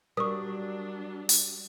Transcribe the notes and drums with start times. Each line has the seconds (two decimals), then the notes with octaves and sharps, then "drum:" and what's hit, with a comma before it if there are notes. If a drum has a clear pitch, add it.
0.17 F#3 G3 D4 A#4 C#6 D#6
1.29 drum: open hi-hat